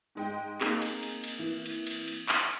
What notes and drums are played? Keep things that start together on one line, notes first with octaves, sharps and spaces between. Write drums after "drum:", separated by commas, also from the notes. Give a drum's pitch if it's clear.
G#2 G#3 G5
A#3 C4 D#4 G#4, drum: clap
drum: cymbal
drum: cymbal
drum: cymbal
E3
drum: cymbal
drum: cymbal
drum: cymbal
drum: clap